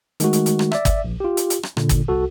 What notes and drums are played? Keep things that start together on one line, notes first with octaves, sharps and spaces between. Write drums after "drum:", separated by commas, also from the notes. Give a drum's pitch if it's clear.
D#3 G#3 A3 F#4, drum: hi-hat
drum: hi-hat
drum: hi-hat
drum: rim click
D5 E5, drum: rim click
drum: kick G1, hi-hat
A#1
F4 G4
drum: hi-hat
drum: hi-hat
drum: rim click
A#2 D3, drum: rim click
drum: kick G1, hi-hat
C2 F#4 A4